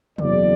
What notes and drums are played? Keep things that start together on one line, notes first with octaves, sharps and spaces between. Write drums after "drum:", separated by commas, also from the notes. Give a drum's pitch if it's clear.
F#1 E2 C#3 F#3 D5, drum: tom